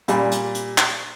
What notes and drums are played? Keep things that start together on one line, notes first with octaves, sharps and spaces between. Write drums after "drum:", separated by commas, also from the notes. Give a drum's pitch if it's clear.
A#2 G3 G#5 B5, drum: hi-hat
drum: hi-hat
drum: hi-hat
drum: clap